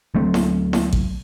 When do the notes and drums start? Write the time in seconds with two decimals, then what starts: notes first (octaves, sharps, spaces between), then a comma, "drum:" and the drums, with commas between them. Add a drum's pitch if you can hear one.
0.15 D2 F#3 A3 C4
0.34 drum: snare E4
0.73 drum: snare E4
0.93 drum: kick A1